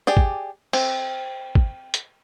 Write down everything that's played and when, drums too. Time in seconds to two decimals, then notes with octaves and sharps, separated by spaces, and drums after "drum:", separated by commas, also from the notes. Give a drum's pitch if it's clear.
0.07 G4 G#4 D5
0.17 drum: kick
0.73 C4, drum: cymbal
1.55 drum: kick
1.94 drum: hi-hat